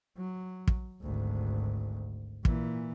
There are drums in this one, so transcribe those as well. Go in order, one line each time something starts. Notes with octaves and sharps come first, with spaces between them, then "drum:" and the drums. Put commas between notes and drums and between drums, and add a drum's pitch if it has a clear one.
F#3
drum: kick
G#1 D2
A#2 E3, drum: kick